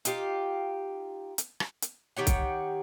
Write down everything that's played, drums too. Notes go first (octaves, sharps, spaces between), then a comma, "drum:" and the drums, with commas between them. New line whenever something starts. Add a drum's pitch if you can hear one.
D#4 F4 G4 F5, drum: hi-hat
drum: hi-hat
drum: rim click
drum: hi-hat
D#3 G4 C#5 F#5
drum: kick C2, hi-hat